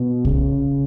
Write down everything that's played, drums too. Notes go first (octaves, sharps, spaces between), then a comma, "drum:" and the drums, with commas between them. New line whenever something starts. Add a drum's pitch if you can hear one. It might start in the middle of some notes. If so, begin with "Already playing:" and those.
Already playing: B2
C#3, drum: kick